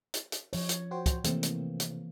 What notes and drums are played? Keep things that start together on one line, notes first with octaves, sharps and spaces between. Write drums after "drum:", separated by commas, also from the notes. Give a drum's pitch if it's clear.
drum: hi-hat
drum: hi-hat
F3 C#5, drum: open hi-hat
drum: hi-hat
F#4 C5 G5
drum: kick, hi-hat
C3 E3 A3 A#3 C4, drum: hi-hat
drum: hi-hat
drum: hi-hat